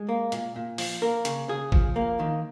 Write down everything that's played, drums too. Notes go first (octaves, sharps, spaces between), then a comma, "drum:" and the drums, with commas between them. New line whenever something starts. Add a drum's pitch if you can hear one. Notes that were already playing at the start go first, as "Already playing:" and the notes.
Already playing: G#3
A#3
A#2, drum: hi-hat
A#2
F3, drum: open hi-hat
A#3 A#4
C#3, drum: hi-hat
C#3 G#4
F3, drum: kick G#1
A#3
D#3